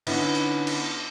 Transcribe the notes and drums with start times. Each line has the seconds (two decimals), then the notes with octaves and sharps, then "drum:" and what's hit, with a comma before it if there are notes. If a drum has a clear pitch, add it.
0.07 D3 B3 C#4 D#4 E4, drum: cymbal
0.35 drum: hi-hat
0.67 drum: cymbal